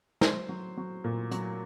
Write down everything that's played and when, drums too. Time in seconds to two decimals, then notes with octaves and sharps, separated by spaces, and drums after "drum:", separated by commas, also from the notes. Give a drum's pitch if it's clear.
0.21 F#3 C5, drum: snare
0.49 F#3
0.77 F#3
1.04 A#2
1.31 F#3, drum: hi-hat